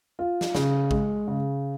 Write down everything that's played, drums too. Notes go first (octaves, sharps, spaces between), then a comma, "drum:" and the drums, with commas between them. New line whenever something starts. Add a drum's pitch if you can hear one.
F4
drum: snare
C#3, drum: snare
G#3, drum: kick A1
C#3